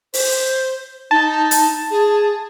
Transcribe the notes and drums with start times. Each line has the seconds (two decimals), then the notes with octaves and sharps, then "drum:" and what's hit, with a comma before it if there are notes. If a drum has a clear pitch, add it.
0.14 C5, drum: open hi-hat
1.11 D#4 A5
1.51 drum: hi-hat
1.91 G#4